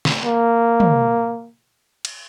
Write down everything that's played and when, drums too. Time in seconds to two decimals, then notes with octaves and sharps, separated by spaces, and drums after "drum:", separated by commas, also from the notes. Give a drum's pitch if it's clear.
0.05 drum: snare
0.25 A#3
0.80 drum: tom
2.05 drum: cymbal